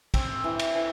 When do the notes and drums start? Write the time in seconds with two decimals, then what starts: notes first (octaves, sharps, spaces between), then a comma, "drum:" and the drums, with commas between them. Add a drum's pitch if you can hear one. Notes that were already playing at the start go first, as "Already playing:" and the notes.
0.14 C4, drum: kick, cymbal
0.44 E3
0.59 drum: cymbal
0.75 E3